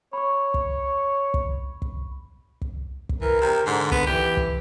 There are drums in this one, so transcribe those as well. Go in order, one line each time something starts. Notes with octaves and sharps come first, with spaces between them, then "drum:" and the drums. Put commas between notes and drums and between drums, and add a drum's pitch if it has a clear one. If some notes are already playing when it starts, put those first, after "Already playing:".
C#5 B5 C#6
drum: kick
drum: kick
drum: kick
drum: kick
drum: kick
E3 A#4
C3
G#2 D3
B3, drum: kick
E3 G4
drum: kick